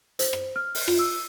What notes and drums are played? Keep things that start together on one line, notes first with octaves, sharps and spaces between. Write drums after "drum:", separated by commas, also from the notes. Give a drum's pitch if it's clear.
C5, drum: hi-hat
drum: rim click
F6
drum: open hi-hat
F4, drum: rim click
E6